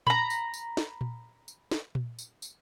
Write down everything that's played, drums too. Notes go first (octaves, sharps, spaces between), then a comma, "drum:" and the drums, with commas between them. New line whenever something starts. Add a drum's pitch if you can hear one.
A#5 B5, drum: tom A#2
drum: tambourine
drum: tambourine
drum: snare
drum: tom A#2
drum: tambourine
drum: snare
drum: tom A#2
drum: tambourine
drum: tambourine